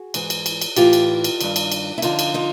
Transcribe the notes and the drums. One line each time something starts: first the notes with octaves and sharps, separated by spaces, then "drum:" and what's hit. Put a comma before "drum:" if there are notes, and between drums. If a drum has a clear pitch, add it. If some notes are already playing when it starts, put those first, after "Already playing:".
Already playing: F#4 G#4
G#2 E3, drum: cymbal
drum: cymbal
drum: cymbal
drum: cymbal
A2 E3 F4 G4, drum: cymbal
drum: cymbal
drum: cymbal
G2 D#3, drum: cymbal
drum: cymbal
drum: cymbal
E4
F2 D3 D#4 F4, drum: cymbal
drum: cymbal
D#4 F4